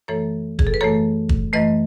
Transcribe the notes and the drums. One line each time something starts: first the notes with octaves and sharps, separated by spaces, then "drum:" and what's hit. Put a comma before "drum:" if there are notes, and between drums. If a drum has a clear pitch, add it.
F#2 E3 A3 A4 C#5
G#4, drum: kick
A4
B4
F#2 E3 A3 A4 C#5
drum: kick
F#2 E3 A3 B4 D#5